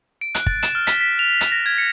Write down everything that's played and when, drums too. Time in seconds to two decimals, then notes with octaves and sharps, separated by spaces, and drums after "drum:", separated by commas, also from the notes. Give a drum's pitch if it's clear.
0.21 D7
0.35 F#6, drum: hi-hat
0.46 A6, drum: kick
0.63 E7, drum: hi-hat
0.75 F6
0.87 B6, drum: hi-hat
1.01 B6
1.19 F7
1.41 B6, drum: hi-hat
1.52 A#6
1.66 G#6
1.78 C#7